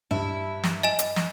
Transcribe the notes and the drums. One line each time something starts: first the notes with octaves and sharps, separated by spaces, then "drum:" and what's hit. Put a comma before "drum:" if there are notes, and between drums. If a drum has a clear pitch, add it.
G2 E4
drum: snare
D#5 G#5 E7
drum: hi-hat
drum: snare